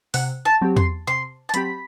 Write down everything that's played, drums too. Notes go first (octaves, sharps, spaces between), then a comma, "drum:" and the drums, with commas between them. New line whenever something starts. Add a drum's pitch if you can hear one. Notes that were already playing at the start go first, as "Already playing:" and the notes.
C3 F#5, drum: open hi-hat
A5
F#3 C4 G4
C6, drum: tom E2
C3 C6
A5
F#3 C4 G4 B5, drum: hi-hat